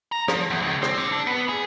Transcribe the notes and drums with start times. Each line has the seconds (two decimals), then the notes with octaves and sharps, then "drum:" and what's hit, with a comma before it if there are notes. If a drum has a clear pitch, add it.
0.12 A#5
0.28 F3, drum: rim click
0.50 E2
0.62 C#2
0.83 C4, drum: rim click
0.98 D3
1.12 D4
1.27 B3
1.49 G#4